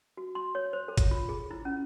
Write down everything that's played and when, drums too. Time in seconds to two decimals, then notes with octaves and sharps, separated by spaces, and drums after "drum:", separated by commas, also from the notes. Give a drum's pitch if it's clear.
0.17 F#4
0.35 C6
0.55 C#5
0.73 C5
0.88 A4
0.97 drum: kick G#1, hi-hat
1.11 F4
1.29 G#4
1.51 E4
1.65 C#4